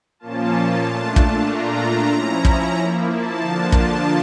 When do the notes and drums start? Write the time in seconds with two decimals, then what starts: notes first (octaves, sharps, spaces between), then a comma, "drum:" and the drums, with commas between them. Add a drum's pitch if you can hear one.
0.19 A#2 F3 A#3 C#4 F4 A5
0.85 A#2 A3 D4 F4
1.16 drum: kick
1.48 A#2 A3 D4 F4 A#5
2.12 F3 C#4 E4 A#5
2.45 drum: kick
2.76 F3 A#3 E4
3.09 A5
3.40 D3 F3 A#3 D4 F4
3.72 A5, drum: kick